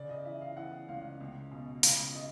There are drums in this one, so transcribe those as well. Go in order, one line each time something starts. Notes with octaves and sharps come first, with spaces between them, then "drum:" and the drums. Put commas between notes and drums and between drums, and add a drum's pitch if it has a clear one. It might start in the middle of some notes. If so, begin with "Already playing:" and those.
Already playing: C#3 D5
D#5
E3 E5
F5
E3 F#5
C#2 F5
C#2
B2
C#2 F5, drum: open hi-hat
D#5